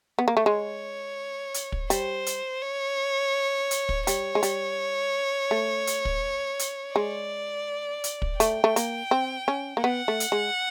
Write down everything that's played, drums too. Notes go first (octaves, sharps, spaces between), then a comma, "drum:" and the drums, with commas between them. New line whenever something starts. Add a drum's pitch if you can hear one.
B3
A#3
A3
G#3 C#5
drum: hi-hat
drum: kick
G3 C5, drum: hi-hat
drum: hi-hat
C#5
drum: hi-hat
drum: kick
G3 C#5, drum: hi-hat
G#3
G3, drum: hi-hat
A3
drum: hi-hat
drum: kick
drum: hi-hat
G#3 D5
drum: hi-hat
drum: kick
A3 G5, drum: hi-hat
A3
A#3, drum: hi-hat
C4
C#4
A#3
B3 F#5
A3
drum: hi-hat
G#3